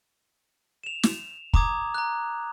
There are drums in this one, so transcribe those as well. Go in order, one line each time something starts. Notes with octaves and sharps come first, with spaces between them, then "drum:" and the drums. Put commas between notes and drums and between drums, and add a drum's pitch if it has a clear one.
E7 F7
drum: snare
A#5 D6 D#6 G#6, drum: kick
A#5 F#6